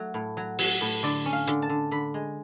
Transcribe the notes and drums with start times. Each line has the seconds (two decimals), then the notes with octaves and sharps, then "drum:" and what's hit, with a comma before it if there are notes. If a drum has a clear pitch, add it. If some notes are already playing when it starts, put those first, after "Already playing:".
Already playing: F#3 A3
0.14 A2
0.37 F#3
0.59 F#3, drum: open hi-hat
0.81 A2
1.03 D3 D5
1.26 C#4
1.33 F5
1.48 D3, drum: hi-hat
1.62 A5
1.69 D3
1.91 D3 B5
2.14 G#3